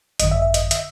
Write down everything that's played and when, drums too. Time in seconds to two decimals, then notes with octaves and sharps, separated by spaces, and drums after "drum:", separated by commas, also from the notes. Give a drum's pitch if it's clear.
0.20 G#1 F#2 D3 D#5, drum: hi-hat
0.31 E5
0.42 E5
0.54 D#5, drum: hi-hat
0.71 E5, drum: hi-hat